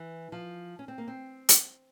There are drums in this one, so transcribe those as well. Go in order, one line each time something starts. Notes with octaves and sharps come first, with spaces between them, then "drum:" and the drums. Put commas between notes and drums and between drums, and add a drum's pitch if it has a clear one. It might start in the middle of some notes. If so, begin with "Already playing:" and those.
Already playing: E3
F3
C#4
C4
A#3
C4
drum: hi-hat